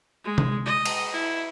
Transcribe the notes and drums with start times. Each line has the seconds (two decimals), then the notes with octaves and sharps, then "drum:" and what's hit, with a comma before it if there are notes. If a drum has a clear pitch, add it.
0.25 G#3
0.38 drum: tom C3
0.66 D#5
0.85 drum: cymbal
1.12 E4